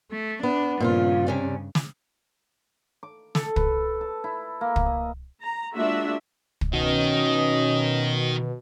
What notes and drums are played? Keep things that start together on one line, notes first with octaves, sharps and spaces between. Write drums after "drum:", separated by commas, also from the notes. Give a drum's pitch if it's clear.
A3
B3 D4
G2 A#2 C#3 F3 F4
C3 C#4 D5
drum: snare
D6
A4, drum: snare
B4, drum: kick
A5
E4
A#3
drum: kick
D#5
A#5
G#3 A#3 D4 F4 F#4 E5
drum: kick
B2 D#3 C#4 D#5